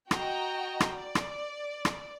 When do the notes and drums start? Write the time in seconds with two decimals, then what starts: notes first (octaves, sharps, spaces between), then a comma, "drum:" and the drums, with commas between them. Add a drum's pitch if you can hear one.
0.11 F#4 D#5 G5 A#5, drum: rim click
0.80 drum: rim click
0.94 D5
1.15 drum: rim click
1.85 drum: rim click